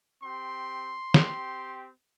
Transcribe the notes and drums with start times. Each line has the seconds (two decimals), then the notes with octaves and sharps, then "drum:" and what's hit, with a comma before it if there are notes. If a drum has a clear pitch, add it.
0.22 C4 G4 C6
1.14 C4 G4, drum: snare